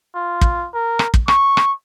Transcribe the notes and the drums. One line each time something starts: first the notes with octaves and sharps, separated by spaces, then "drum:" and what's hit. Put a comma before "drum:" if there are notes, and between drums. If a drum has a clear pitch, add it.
F4
drum: kick
A#4
drum: rim click
drum: kick
C#6, drum: rim click
drum: rim click